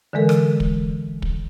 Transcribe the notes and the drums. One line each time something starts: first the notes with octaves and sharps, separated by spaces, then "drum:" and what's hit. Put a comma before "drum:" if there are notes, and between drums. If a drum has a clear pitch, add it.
D3 E3 G#3 A4 A#4
drum: rim click
drum: kick
drum: kick